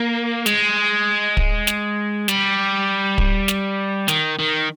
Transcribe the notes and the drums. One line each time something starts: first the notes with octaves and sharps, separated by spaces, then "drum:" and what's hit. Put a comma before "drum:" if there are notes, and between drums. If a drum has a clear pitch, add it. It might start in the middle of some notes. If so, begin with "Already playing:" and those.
Already playing: A#3
G#3, drum: snare
drum: kick
drum: snare
G3, drum: snare
drum: kick
drum: snare
D#3, drum: snare
D#3